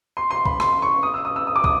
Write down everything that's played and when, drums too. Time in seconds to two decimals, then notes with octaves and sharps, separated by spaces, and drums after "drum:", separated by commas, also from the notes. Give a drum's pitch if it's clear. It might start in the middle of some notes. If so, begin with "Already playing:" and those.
0.17 C6
0.31 C6
0.46 B5, drum: kick
0.60 C6, drum: rim click
0.82 C#6
1.03 D#6
1.14 E6
1.25 D#6
1.36 E6
1.47 D#6
1.56 D6
1.64 D#6, drum: kick